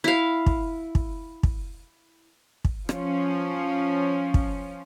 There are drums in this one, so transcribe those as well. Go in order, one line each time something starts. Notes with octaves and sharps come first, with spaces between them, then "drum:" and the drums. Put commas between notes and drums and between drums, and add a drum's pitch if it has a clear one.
E4 F5
drum: kick
drum: kick
drum: kick
drum: kick
F3 C#4, drum: rim click
drum: kick